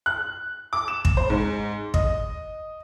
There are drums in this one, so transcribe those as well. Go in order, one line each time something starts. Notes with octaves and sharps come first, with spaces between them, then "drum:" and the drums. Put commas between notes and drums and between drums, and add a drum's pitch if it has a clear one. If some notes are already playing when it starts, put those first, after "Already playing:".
F#6
D6
E7
drum: kick
C5
G#2
D#5, drum: kick